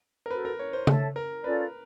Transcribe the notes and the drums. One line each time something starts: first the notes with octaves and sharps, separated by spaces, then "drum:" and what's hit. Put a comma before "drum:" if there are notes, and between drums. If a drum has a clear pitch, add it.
A#4
F#4 A4 B4 C5
A#4
C#5
C5
A4 C#5 E5 A5, drum: tom C#3
A#4
C#4 F4 A4 B4 D5